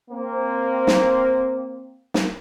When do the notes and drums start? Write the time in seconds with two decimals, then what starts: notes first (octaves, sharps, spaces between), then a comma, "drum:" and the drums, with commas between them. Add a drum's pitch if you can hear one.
0.11 A#3 C4
0.87 drum: snare
2.14 drum: snare